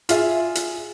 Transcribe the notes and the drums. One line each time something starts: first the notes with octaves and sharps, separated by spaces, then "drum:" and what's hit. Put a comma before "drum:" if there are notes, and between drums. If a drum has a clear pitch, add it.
F4 G#4 E5, drum: hi-hat
drum: hi-hat